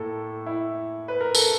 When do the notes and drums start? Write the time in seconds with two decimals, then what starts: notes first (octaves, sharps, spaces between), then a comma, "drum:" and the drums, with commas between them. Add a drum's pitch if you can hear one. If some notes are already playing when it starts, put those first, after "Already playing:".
Already playing: A2 A#3 A4
0.46 E4
1.08 B4
1.21 A#4
1.35 A4, drum: tambourine